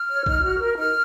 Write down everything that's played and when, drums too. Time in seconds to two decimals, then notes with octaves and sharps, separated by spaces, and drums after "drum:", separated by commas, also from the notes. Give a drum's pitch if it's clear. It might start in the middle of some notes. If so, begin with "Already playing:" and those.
Already playing: F6
0.09 C#5
0.26 D#4, drum: kick
0.43 F#4
0.61 A#4
0.78 D#4 F6